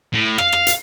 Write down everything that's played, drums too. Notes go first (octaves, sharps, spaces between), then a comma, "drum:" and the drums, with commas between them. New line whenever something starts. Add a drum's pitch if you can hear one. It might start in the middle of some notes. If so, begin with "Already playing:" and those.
A2
F5, drum: rim click
drum: rim click
drum: hi-hat